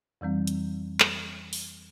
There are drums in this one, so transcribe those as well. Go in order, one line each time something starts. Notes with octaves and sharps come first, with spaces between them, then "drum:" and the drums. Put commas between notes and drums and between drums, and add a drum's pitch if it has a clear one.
F2 E3 G3 C4
drum: hi-hat
drum: clap
drum: open hi-hat